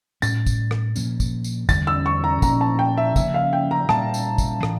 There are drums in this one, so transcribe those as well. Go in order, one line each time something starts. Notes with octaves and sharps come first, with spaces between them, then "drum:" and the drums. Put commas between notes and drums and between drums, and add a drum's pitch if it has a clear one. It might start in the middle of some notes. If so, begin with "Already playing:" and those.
A2 G3 C#4 A6, drum: tambourine
drum: kick, tambourine
drum: rim click
A#2 F3 A#3 C#4, drum: tambourine
drum: kick, tambourine
drum: tambourine
E2 D3 G3 C#4 A6, drum: kick, tambourine
E6
C#6
A#5
A#2 F3 A#3 A#5, drum: kick, tambourine
A5
G5
E5
C#3 F3 A#3 C#4 E5, drum: kick, tambourine
F5
G5
A#5
A#2 G3 A#3 A5, drum: rim click
drum: tambourine
drum: kick, tambourine
A2 E3, drum: rim click